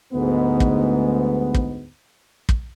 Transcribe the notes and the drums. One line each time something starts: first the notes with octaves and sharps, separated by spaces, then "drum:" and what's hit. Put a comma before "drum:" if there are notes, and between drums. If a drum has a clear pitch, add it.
D2 G#2 B3
drum: kick
drum: kick
drum: kick